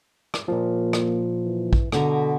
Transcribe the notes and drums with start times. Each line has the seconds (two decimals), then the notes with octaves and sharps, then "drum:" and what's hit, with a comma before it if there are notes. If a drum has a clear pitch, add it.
0.34 drum: rim click
0.48 A#2 F3 A#3
0.93 drum: rim click
1.44 E3
1.73 drum: kick A#1
1.92 B2 D3 A4 A#5, drum: rim click